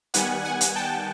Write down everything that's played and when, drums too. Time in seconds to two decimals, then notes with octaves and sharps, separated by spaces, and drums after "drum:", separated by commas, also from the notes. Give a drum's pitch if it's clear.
0.14 D#3 G3 B3 F#5 G#5, drum: hi-hat
0.45 F#5 G#5
0.61 drum: hi-hat
0.76 G5 A5